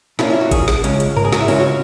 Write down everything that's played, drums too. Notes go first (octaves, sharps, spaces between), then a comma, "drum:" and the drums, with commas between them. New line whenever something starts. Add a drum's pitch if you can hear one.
A#2 A#3 C#4 E4, drum: snare
E4
F#4
G#4, drum: kick G#1, hi-hat
drum: snare
C#2 C#3 G#3 C#4, drum: hi-hat
drum: hi-hat
A#4, drum: tom G2
G#4
F#4, drum: snare
E4
C#2 C#3 G#3 C#4 F#4, drum: open hi-hat
F#4